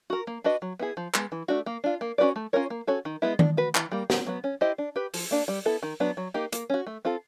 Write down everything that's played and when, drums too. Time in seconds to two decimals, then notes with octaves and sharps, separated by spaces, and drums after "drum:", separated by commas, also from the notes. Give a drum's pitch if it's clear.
0.10 F#4 A#4
0.27 A#3
0.44 D4 F#4 B4 D#5
0.62 F#3
0.79 B3 E4 G#4
0.97 F3
1.14 G#3 B3, drum: clap
1.32 E3
1.48 A3 D4 F#4
1.66 A#3
1.84 D4 F4
2.01 A#3
2.18 C#4 F#4 B4 D5
2.36 A3
2.53 C#4 F4 A#4 C#5
2.70 A#3
2.87 C#4 F#4 A4 C#5
3.05 D#3
3.22 G#3 B3 E4
3.39 D4, drum: tom D#3
3.57 F#4 B4
3.75 E3, drum: clap
3.92 G3 A#3
4.10 D#3, drum: snare
4.26 F#3 B3
4.44 C#4
4.61 E4 G4 C5 D#5
4.78 D4
4.96 G4 B4
5.14 F3, drum: open hi-hat
5.31 A#3 D4
5.48 G3
5.65 B3 E4 A4
5.83 D#3
6.00 F#3 B3 D4
6.17 F#3
6.34 A#3 D#4 G4
6.53 A#3, drum: hi-hat
6.70 C#4 F#4
6.87 A3
7.05 C4 F4 A4